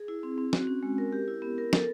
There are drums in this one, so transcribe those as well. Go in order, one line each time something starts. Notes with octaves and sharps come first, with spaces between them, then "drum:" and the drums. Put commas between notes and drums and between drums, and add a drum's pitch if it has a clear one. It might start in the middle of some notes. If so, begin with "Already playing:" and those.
Already playing: G#4
E4
C4
C4
F#4, drum: snare
C#4
G#3
A#4
G4
E4
B3
A#4
A4, drum: snare